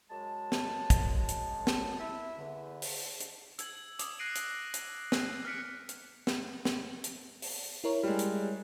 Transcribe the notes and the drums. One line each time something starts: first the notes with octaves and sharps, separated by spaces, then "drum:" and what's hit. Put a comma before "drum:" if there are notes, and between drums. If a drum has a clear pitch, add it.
F#2 G#3 A5
drum: snare
drum: kick, hi-hat
drum: hi-hat
drum: snare
E4 E5
E2 D3
drum: open hi-hat
drum: hi-hat
E6 G#6 F#7, drum: hi-hat
D6 D#6, drum: hi-hat
F#6 A#6 C7 D7 D#7 F#7
drum: hi-hat
drum: hi-hat
drum: snare
F6 F#6 B6 C#7 D7
drum: hi-hat
drum: snare
drum: snare
drum: hi-hat
drum: open hi-hat
E4 A#4 C#5
G3 G#3
drum: hi-hat